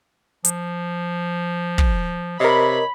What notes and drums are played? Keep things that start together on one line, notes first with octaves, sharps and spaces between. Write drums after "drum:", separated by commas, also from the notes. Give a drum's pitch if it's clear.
F3, drum: hi-hat
drum: kick
C3 A#4 C#5 D#5 B5